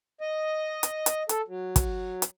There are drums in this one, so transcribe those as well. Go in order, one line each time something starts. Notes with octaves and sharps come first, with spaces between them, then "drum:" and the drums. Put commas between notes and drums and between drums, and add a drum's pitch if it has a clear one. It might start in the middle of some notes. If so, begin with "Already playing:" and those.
D#5
drum: hi-hat
drum: hi-hat
A4, drum: hi-hat
F#3
drum: kick, hi-hat
drum: hi-hat